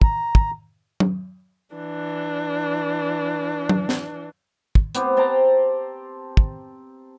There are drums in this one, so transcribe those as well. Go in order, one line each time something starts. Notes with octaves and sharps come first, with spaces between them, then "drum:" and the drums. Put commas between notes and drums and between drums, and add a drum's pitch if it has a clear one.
A#5, drum: kick
drum: kick
drum: tom F#3
E3 D4
drum: tom F#3
drum: snare
drum: kick
B3 C4 G4, drum: hi-hat
C5 G5 A5 A#5
drum: kick